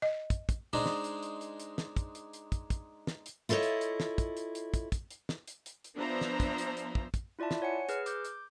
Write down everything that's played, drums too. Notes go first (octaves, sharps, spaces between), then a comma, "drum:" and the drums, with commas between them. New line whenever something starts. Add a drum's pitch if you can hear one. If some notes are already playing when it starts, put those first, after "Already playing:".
D#5
drum: kick, hi-hat
drum: kick, hi-hat
G#3 D4 D#4 C5
drum: snare
drum: hi-hat
drum: hi-hat
drum: hi-hat
drum: hi-hat
drum: snare
drum: kick, hi-hat
drum: hi-hat
drum: hi-hat
drum: kick, hi-hat
drum: kick, hi-hat
drum: snare
drum: hi-hat
E4 F4 A4 B4 C#5 D#5
drum: hi-hat
drum: hi-hat
drum: snare
drum: kick, hi-hat
drum: hi-hat
drum: hi-hat
drum: kick, hi-hat
drum: kick, hi-hat
drum: hi-hat
drum: snare
drum: hi-hat
drum: hi-hat
drum: hi-hat
F3 B3 D4 C5 E5 A#5
drum: snare
drum: kick, hi-hat
drum: hi-hat
drum: hi-hat
drum: kick
drum: kick, hi-hat
E4 F4 D5 E5 A5
drum: snare
C#5 F#5 G#5 C#7
G#4 B4 F6, drum: hi-hat
D6 G6, drum: hi-hat
drum: hi-hat